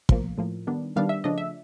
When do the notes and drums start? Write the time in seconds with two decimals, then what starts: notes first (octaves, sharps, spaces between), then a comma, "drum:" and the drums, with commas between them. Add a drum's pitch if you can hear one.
0.09 A2 F3 A#3, drum: kick
0.38 A2 F3 A#3
0.67 D#3 G3 B3 D4
0.96 D#3 G3 B3 D4 F5
1.09 E5
1.24 C#3 F3 A3 D4 D#5
1.38 E5